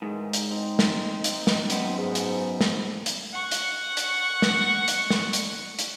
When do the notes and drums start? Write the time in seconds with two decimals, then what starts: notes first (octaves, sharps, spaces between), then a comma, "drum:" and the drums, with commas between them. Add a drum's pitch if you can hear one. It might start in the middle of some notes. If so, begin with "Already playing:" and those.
0.02 G#2 D#3 E3 G#3
0.33 drum: hi-hat
0.51 C4 D#4
0.79 drum: snare
1.24 drum: hi-hat
1.47 drum: snare
1.70 F#2 B3, drum: hi-hat
1.98 G#2
2.15 drum: hi-hat
2.61 drum: snare
3.06 drum: hi-hat
3.33 F#5 C#6
3.51 drum: hi-hat
3.97 drum: hi-hat
4.42 drum: snare
4.88 drum: hi-hat
5.10 drum: snare
5.33 drum: hi-hat
5.79 drum: hi-hat